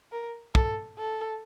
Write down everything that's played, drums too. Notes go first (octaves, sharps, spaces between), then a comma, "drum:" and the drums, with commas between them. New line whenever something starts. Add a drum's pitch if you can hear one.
A#4
A4, drum: kick
A4